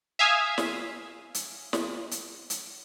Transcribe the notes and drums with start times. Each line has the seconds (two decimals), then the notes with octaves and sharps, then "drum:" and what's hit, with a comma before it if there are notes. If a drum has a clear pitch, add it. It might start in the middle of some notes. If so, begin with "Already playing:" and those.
0.19 E5 F5 G#5 D#6
0.58 drum: snare
1.34 drum: hi-hat
1.73 drum: snare
2.11 drum: hi-hat
2.50 drum: hi-hat